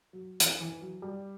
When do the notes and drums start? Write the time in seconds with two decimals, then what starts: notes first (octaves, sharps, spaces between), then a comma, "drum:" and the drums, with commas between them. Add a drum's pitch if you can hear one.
0.13 F#3
0.40 E3, drum: hi-hat
0.61 E3
0.81 F#3
1.02 G3